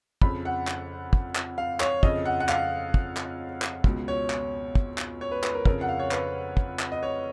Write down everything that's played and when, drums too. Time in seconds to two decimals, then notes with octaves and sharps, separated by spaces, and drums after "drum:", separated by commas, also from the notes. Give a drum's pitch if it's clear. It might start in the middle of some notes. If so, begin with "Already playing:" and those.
0.22 F2 C#3 B5, drum: kick
0.45 F#5
0.67 drum: clap
1.13 drum: kick
1.35 drum: clap
1.58 F5
1.80 C#5, drum: clap
2.03 F2 C#3 D#5, drum: kick
2.26 F#5
2.40 F#5
2.49 F5, drum: clap
2.94 drum: kick
3.17 drum: clap
3.62 drum: clap
3.84 C#2 B2, drum: kick
4.08 C#5
4.30 drum: clap
4.75 drum: kick
4.98 drum: clap
5.21 C#5
5.31 B4
5.44 B4, drum: clap
5.54 A#4
5.65 F2 C#3 A#4, drum: kick
5.81 F#5
5.89 F5
5.99 C#5
6.11 B4, drum: clap
6.57 drum: kick
6.79 drum: clap
6.92 D#5
7.03 C#5